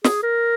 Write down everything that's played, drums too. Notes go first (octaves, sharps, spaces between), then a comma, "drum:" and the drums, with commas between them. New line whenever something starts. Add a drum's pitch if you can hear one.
G#4, drum: snare
A#4